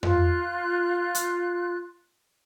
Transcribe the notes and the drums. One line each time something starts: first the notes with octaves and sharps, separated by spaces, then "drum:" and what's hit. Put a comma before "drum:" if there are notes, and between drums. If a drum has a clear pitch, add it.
F4 F#6, drum: tom F2
drum: hi-hat